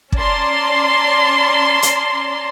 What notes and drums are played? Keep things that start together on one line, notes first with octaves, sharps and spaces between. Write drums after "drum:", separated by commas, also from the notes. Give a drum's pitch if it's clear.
C#4 D5 A5 A#5 C6, drum: kick
drum: hi-hat